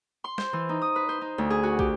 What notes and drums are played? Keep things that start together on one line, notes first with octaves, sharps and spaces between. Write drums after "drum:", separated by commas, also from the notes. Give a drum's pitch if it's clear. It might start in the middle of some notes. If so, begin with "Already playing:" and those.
C6
C5, drum: snare
E3
D#4
D#6
B4
C5
D#4
D2
G#4
F#4
G4, drum: kick